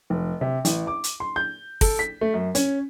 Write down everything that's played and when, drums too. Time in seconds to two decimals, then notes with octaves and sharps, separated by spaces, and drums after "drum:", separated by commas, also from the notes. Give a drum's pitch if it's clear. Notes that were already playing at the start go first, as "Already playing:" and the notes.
0.10 F1
0.41 C3
0.65 A1, drum: hi-hat
0.87 D6
1.04 drum: hi-hat
1.20 C6
1.36 G6
1.81 A4, drum: kick, open hi-hat
1.99 B6
2.21 A3
2.33 F#2
2.55 C#4, drum: hi-hat